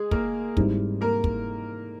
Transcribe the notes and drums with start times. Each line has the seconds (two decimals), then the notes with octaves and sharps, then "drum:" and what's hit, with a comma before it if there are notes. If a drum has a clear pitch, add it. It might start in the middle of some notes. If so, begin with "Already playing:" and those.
Already playing: G#3 G#4
0.11 A#3 A#4, drum: kick
0.57 G#2 G3 C4 E4, drum: kick
1.01 A#3 A#4
1.24 drum: kick